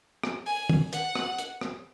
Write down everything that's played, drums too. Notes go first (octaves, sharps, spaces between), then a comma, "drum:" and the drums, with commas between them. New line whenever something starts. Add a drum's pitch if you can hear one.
drum: rim click
G#5, drum: open hi-hat
drum: tom D#3
F#5, drum: hi-hat
drum: rim click
drum: hi-hat
drum: rim click